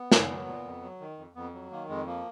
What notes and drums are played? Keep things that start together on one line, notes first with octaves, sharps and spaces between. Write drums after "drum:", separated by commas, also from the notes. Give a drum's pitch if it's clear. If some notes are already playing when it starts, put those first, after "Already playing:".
Already playing: B3
A#2, drum: snare
F#3
A#2
F2
F#3
D#3
F2
F2 B3
F#3
D#3 A#3
F2 G#3
F3 A#3